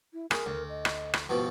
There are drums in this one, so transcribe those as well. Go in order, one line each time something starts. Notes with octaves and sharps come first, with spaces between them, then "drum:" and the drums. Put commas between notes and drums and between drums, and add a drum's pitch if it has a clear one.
E4
G#4 A#4, drum: rim click
D2
D#5
drum: rim click
drum: rim click
G2 B2 F3 F#4